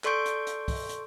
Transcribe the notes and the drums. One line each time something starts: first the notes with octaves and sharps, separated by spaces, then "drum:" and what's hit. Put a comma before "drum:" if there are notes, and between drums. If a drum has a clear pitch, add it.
A4 D5 C6 C#6 G6 D7, drum: clap
drum: hi-hat
drum: hi-hat
drum: kick, open hi-hat
drum: hi-hat